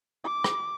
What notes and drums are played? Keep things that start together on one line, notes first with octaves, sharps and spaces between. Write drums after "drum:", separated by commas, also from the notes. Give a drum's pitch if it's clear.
D6
drum: rim click